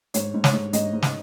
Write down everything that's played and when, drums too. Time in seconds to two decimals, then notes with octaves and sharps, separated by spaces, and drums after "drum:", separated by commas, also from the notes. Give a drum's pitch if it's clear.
0.14 G#2 C#5, drum: hi-hat
0.34 G#2
0.44 C#5, drum: snare
0.53 G#2
0.73 G#2 D#5, drum: hi-hat
0.93 G#2
1.02 drum: snare